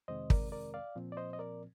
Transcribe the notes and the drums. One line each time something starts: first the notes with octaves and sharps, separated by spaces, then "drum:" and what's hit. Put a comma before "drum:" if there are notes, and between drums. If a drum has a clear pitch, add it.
F2 C3 D#3 G#3 C4 C5 D#5
A#4 D5, drum: kick
A#4 D5
D5 F5
A#2 F3 C4
D5
C5 D#5
D#5
A#4 D5